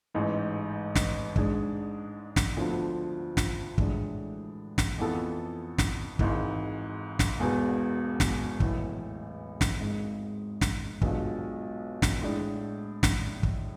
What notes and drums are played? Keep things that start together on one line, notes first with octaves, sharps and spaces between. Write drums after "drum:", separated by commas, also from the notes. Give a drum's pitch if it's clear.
A1 G#2 E3
drum: snare
G#2 G#3 D4, drum: kick
drum: snare
D2 D3 F3 B3 F4
drum: snare
A2 E3 G#3 D4, drum: kick
drum: snare
F2 E3 B3 F4 A4
drum: snare
G#1 G#2 E3, drum: kick
drum: snare
E1 E2 B2
drum: snare
B1 A2 E3, drum: kick
drum: snare
G#1 G#2 G#3
drum: snare
B1 B2 G#3 D4 F4, drum: kick
drum: snare
A2 G#3 D4
drum: snare
drum: kick